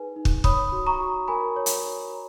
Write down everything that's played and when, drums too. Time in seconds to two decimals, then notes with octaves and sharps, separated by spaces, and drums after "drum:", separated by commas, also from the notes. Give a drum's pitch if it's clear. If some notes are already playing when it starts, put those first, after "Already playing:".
Already playing: D#4 G#4 B4 G#5
0.16 D#4
0.25 drum: kick
0.44 C#5 B5 D#6, drum: kick
0.72 F#4
0.87 A#5 C#6
1.00 F#4
1.28 A#4 G#5 B5
1.56 C#5
1.66 drum: hi-hat
1.84 F#4
2.12 C#5